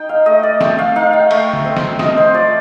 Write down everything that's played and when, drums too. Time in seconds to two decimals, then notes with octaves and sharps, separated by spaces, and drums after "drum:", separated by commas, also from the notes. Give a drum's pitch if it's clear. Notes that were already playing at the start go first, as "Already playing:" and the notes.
Already playing: D#4 G5
0.09 F5
0.26 A3 D#5
0.43 D5
0.61 A3 G5, drum: snare
0.79 F5
0.96 D#4 F5
1.13 G5
1.31 A3, drum: cymbal
1.53 drum: tom D3
1.65 C4
1.77 drum: snare
1.99 F3 D#5, drum: snare
2.17 C5
2.34 F3 D5